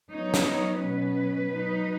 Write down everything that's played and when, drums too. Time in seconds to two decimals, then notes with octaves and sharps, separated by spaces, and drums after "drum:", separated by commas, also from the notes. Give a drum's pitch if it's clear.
0.12 F#3 B3 D#4 C#5
0.34 drum: snare
0.83 B2 F#3 C#4 B4
1.55 F#3 D#4